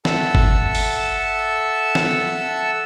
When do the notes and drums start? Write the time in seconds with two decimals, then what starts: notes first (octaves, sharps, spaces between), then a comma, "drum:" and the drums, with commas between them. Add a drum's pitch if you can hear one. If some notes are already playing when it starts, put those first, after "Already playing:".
0.05 A4 E5 F#5 A5 E6, drum: snare
0.35 drum: kick G1
0.75 drum: open hi-hat
1.95 drum: snare